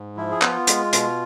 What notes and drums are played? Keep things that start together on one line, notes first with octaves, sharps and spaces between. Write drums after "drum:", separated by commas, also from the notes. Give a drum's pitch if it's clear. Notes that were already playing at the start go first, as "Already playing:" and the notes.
Already playing: G#2
F3 E4
G#4
B3 F4, drum: clap
G#3, drum: hi-hat
B2, drum: hi-hat